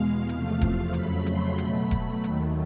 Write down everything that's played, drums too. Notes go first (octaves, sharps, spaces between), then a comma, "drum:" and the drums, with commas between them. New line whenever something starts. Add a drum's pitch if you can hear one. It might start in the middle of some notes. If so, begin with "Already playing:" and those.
Already playing: E2 B2 G#3 F5
E2 C3 F3 A3 F5, drum: hi-hat
drum: kick E1, hi-hat
F2 C#3 F#3 A3 B5, drum: hi-hat
C6, drum: hi-hat
B2 F#3 A3 B5, drum: hi-hat
drum: kick E1, hi-hat
D#2 D#3 F#3 A3, drum: hi-hat